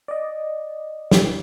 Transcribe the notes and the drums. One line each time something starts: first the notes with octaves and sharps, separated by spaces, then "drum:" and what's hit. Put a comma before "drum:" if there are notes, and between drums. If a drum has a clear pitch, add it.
D5 D#5
drum: snare